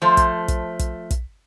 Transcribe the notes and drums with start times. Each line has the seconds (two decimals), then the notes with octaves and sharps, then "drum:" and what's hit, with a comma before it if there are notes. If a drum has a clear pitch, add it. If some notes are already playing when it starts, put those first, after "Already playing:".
0.02 F3 A3 C5
0.17 drum: kick, hi-hat
0.48 drum: kick, hi-hat
0.79 drum: kick, hi-hat
1.11 drum: kick, hi-hat